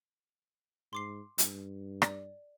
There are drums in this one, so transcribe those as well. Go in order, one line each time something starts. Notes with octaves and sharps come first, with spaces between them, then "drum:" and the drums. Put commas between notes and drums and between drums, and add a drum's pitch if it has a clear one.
G#2 C6 D6 C7
G2, drum: hi-hat
D5, drum: rim click